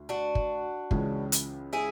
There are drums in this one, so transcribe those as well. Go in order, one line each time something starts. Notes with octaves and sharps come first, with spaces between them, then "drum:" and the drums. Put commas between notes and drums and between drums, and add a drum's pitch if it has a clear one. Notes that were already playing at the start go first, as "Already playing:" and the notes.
Already playing: D2
D4 F#4
drum: kick
C#2 C#3 E3 G#3 C#4, drum: kick
drum: hi-hat
E4 G#4